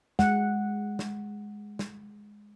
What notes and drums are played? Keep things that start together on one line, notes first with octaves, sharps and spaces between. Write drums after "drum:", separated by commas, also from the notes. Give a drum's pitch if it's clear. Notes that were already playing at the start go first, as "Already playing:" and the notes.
G#3 F#5, drum: snare
drum: snare
drum: snare